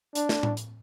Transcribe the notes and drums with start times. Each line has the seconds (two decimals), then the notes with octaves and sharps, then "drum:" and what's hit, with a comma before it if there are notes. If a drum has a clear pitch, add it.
0.15 D4, drum: hi-hat
0.29 drum: snare
0.43 drum: tom A2
0.57 drum: hi-hat